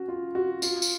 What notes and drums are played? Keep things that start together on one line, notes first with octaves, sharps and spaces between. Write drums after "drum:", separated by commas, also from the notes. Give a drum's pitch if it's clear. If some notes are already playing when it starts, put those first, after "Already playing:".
Already playing: C#4 F#4
F4
F#4
F4, drum: tambourine
drum: tambourine